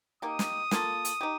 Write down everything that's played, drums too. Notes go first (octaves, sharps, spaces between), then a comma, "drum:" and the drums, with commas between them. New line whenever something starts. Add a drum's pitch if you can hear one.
A#3 D#4 G4 D#6
drum: snare
A#3 F4 A4, drum: snare
drum: hi-hat
D#4 G4